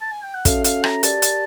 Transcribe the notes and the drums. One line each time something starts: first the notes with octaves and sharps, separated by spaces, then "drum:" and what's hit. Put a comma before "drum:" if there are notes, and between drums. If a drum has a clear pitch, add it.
A5
G#5
G5
F#5
C#4 F#4 A4 C#5 E5 F5, drum: kick, hi-hat
F5, drum: hi-hat
A#5, drum: rim click
G4 A#4 D5 A5, drum: hi-hat
drum: hi-hat